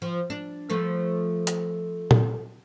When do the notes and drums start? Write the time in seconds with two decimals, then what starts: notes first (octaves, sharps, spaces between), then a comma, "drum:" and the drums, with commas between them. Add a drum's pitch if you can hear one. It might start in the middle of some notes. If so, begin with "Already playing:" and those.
0.02 F3
0.30 D4
0.70 F3 A3 B4
1.47 drum: hi-hat
2.11 drum: tom A#2